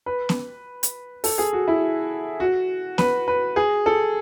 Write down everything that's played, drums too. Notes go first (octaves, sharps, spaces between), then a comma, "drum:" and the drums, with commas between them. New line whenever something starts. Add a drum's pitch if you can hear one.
B4
drum: snare B3
drum: hi-hat
A4, drum: open hi-hat
G#4
F#4
E4
F#4
B4, drum: snare B3
B4
G#4
A4